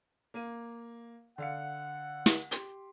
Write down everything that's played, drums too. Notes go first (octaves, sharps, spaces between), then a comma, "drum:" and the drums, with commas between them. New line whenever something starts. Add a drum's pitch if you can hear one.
A#3 F5 D#7
D3 F5 F#5 C#7
drum: snare
G4 C6, drum: hi-hat